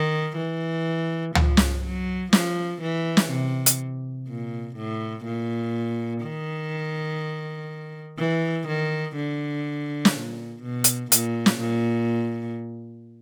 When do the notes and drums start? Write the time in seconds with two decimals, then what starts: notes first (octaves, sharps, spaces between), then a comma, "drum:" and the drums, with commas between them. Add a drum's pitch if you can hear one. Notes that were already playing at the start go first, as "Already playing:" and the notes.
Already playing: D#3
0.37 E3
1.35 F3, drum: tom C#2
1.57 drum: snare
1.84 F#3
2.33 F3, drum: snare
2.82 E3
3.17 drum: snare
3.30 C3
3.66 drum: hi-hat
4.28 A#2
4.76 A2
5.25 A#2
6.23 D#3
8.18 E3
8.68 D#3
9.16 D3
10.05 drum: snare
10.14 A#2
10.63 B2
10.84 drum: hi-hat
11.12 A#2, drum: hi-hat
11.46 drum: snare
11.60 A#2